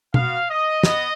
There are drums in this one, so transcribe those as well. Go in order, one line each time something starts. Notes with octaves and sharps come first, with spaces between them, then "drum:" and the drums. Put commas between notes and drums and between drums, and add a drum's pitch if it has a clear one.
B3 F#4 F5, drum: tom B2
D#5
B3 D#5, drum: snare